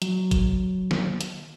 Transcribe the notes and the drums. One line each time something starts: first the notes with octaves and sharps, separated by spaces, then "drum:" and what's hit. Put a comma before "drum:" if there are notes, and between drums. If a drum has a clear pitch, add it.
F#3, drum: hi-hat
drum: kick, hi-hat
drum: snare
drum: hi-hat